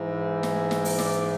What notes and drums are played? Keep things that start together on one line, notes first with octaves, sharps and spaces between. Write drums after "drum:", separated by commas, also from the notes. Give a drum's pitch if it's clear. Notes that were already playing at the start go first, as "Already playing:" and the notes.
Already playing: G#2 E3
drum: snare
drum: snare
drum: open hi-hat
D5, drum: snare